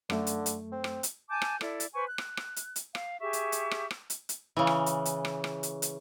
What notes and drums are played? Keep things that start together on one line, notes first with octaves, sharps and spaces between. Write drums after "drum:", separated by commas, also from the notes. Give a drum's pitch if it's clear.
F#2 D3 A3, drum: rim click
drum: hi-hat
drum: hi-hat
C4
drum: rim click
drum: hi-hat
G#5 A5 D6 G6
drum: rim click
E4 A4 D5, drum: rim click
drum: hi-hat
B4 C5 G#5 C#6
F#6
drum: rim click
drum: rim click
drum: hi-hat
drum: hi-hat
F5, drum: rim click
G4 G#4 E5 C#6
drum: hi-hat
drum: hi-hat
drum: rim click
drum: rim click
drum: hi-hat
drum: hi-hat
C#3 E3
drum: rim click
drum: hi-hat
drum: hi-hat
drum: rim click
drum: rim click
drum: hi-hat
drum: hi-hat